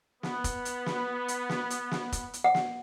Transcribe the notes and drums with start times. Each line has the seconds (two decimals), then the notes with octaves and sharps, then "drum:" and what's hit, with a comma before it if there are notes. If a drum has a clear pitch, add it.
0.23 B3, drum: snare
0.44 drum: kick, hi-hat
0.65 drum: hi-hat
0.86 drum: snare
1.28 drum: hi-hat
1.49 drum: snare
1.70 drum: hi-hat
1.91 drum: snare
2.12 drum: kick, hi-hat
2.33 drum: hi-hat
2.44 F#5
2.55 drum: snare